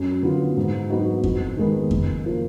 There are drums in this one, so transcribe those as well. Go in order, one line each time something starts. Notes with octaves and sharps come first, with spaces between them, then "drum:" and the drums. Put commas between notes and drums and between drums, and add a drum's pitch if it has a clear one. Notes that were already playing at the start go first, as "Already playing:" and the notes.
Already playing: F#2
D3 F#3 B3 F4
G#2
F#3 B3 D#4 F#4
F2, drum: kick F2
D#3 G#3 B3
F#1, drum: kick F2
F3 A#3